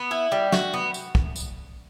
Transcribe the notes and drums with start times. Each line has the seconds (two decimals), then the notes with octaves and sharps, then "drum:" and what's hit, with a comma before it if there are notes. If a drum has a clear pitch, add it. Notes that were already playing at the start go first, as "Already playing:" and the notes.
Already playing: B3
0.11 E4
0.32 G3
0.52 F#4, drum: snare
0.74 B3
0.94 drum: tambourine
1.15 drum: kick
1.36 drum: tambourine